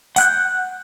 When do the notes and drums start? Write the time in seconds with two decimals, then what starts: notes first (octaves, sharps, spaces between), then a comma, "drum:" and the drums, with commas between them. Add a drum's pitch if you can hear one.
0.16 F#5 F#6 G6, drum: hi-hat